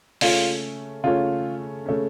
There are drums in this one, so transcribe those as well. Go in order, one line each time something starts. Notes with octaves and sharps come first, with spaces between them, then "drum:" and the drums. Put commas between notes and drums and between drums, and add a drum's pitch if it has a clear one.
C#3 A3 C#4 F4, drum: open hi-hat
C#3 A3 C#4 F4
C#3 A3 C#4